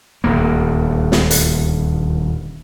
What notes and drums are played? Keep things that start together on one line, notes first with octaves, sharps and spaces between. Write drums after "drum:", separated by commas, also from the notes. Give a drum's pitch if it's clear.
D#1 D2 A#3
drum: snare
drum: hi-hat